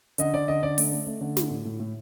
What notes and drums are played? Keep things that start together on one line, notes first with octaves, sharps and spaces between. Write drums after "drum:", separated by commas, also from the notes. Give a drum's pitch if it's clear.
D3 D#5, drum: hi-hat
D3 D5
D3 D#5
D3 D5
A3, drum: open hi-hat
A3
A3
D3
A3, drum: snare
A2
A2
A2